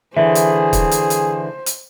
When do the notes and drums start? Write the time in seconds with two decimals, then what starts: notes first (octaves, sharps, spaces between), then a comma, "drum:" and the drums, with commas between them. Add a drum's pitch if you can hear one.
0.17 D3 E3 G#4 C5 E5
0.35 drum: hi-hat
0.73 drum: kick, hi-hat
0.91 drum: hi-hat
1.10 drum: hi-hat
1.66 drum: hi-hat